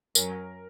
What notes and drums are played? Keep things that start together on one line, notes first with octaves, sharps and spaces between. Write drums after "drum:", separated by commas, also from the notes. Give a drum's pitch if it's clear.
F#2 F#3 C#4 A#4, drum: tambourine